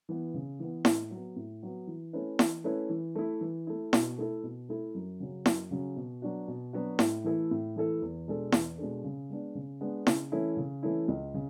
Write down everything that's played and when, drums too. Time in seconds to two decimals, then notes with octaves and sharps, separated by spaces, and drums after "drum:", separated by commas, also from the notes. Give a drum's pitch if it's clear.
0.09 E3 B3
0.34 C#3
0.60 E3 B3
0.85 A2, drum: snare E4
1.10 F#3
1.16 B3
1.36 A2
1.63 F#3 B3
1.87 E3
2.13 A3 C#4 E4 B4
2.39 E3, drum: snare E4
2.64 A3 C#4 E4 B4
2.89 E3
3.15 A3 E4
3.41 E3
3.67 A3 E4
3.93 B2, drum: snare E4
4.18 A3 E4 A4
4.43 B2
4.69 A3 E4 A4
4.95 F#2
5.20 C#3 F#3 C#4
5.46 F#2, drum: snare E4
5.71 C#3 F#3 C#4
5.96 B2
6.22 F#3 B3 D4 F#4
6.48 B2
6.73 F#3 B3 D4 F#4
6.99 A2, drum: snare E4
7.24 E3 A3 E4 A4
7.51 A2
7.76 E3 A3 E4 A4
8.02 E2
8.27 B2 G#3 D4 A4
8.52 E2, drum: snare E4
8.78 B2 G#3 D4 A4
9.04 C#3
9.30 G#3 B3 D4
9.55 C#3
9.81 G#3 B3 D4
10.07 C#3, drum: snare E4
10.32 E3 A3 C#4 E4
10.57 C#3
10.83 E3 A3 C#4 E4
11.08 C#2
11.34 C#3